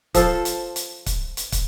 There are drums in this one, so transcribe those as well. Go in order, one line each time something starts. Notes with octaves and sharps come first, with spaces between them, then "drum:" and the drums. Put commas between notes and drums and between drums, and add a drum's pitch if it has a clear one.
F3 A4 C5, drum: kick, hi-hat
drum: hi-hat
drum: hi-hat
drum: kick, hi-hat
drum: hi-hat
drum: kick, hi-hat